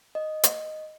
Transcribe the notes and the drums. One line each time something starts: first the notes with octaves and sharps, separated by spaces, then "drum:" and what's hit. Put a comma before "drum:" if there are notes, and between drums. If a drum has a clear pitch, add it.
D#5
drum: hi-hat